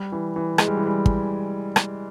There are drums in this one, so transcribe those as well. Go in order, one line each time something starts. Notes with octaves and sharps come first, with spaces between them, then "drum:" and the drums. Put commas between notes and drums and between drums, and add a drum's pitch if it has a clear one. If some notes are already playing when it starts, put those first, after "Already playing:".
Already playing: G3
E3
E3
G#3, drum: rim click
G3
E3
G3
drum: kick
drum: rim click